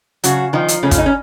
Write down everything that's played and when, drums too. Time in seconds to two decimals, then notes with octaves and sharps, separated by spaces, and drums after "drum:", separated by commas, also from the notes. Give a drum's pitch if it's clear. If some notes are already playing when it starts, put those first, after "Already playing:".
0.24 C#3 F#3 F#4, drum: hi-hat
0.53 D#3 F3 D#4
0.68 drum: hi-hat
0.83 C#3 A3 C#4
0.91 F4, drum: kick, hi-hat
0.98 D#4
1.06 C#4